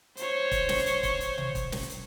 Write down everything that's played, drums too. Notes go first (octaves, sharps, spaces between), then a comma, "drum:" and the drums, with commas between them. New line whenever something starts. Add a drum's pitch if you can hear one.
C5 C#5, drum: hi-hat
drum: kick, hi-hat
drum: snare
drum: hi-hat
drum: kick, hi-hat
drum: hi-hat
drum: tom B2
drum: kick, hi-hat
drum: snare
drum: hi-hat